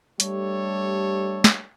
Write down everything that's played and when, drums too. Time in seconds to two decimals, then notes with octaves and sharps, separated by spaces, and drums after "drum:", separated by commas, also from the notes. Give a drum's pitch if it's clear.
0.20 G3 A3 D4 G4 A4 C#5, drum: hi-hat
1.44 drum: snare